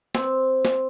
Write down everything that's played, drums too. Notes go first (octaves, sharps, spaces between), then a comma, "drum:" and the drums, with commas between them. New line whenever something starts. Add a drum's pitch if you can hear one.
C4, drum: snare
drum: snare